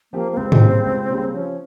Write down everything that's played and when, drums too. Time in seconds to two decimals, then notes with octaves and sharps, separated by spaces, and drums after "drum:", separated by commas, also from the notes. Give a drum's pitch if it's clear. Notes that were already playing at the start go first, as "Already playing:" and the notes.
0.13 F3 A#3 C4 G4
0.32 A#3
0.37 C#2 C4
0.52 drum: tom G#2
0.61 C#3 G3 A#3
0.85 C#2
1.10 C#3 G3 A#3
1.34 F3 C#4